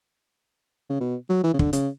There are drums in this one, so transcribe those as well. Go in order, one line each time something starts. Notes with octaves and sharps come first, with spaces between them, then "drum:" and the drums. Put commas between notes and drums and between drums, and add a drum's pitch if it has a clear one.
C#3
B2
F#3
E3
C#3
D3, drum: kick
C#3, drum: hi-hat